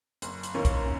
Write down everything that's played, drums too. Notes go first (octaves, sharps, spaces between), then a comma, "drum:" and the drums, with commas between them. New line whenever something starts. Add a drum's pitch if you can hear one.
F#1, drum: hi-hat
drum: hi-hat
F#2 D#3 A#3 C#4
drum: kick, hi-hat